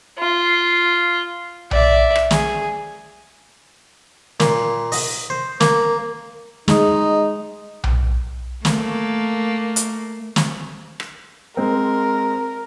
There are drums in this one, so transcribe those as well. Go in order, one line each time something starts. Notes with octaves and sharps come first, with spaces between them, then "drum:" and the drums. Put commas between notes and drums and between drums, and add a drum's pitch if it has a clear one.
F4
D5 E5, drum: tom B1
drum: rim click
G#4, drum: snare
A#2, drum: snare
D#5, drum: open hi-hat
C5
A#3, drum: snare
G#3 D#4, drum: snare
drum: tom B1
A3 A#3, drum: snare
drum: hi-hat
drum: snare
drum: rim click
G#3 C4 A#4